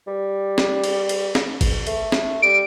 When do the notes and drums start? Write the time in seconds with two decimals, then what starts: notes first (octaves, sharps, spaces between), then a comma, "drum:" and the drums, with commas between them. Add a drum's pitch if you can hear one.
0.07 G3
0.58 drum: snare
0.84 drum: cymbal
1.09 drum: cymbal
1.35 drum: snare
1.61 drum: kick G#1, cymbal
1.87 A3, drum: cymbal
2.12 drum: snare
2.42 G3 D7